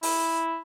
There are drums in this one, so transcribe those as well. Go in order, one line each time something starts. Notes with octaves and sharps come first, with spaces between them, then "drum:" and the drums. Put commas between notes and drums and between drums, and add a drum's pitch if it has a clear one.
E4, drum: open hi-hat